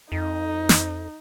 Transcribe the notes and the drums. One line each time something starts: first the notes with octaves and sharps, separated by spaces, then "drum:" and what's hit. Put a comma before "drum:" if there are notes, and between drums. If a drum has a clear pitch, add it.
F2 D#4
drum: snare